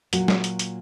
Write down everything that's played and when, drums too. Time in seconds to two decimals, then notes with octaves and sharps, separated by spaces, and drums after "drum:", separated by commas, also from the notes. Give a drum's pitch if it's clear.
0.13 A#2 F#3 F#4, drum: hi-hat
0.28 drum: snare
0.44 drum: hi-hat
0.59 drum: hi-hat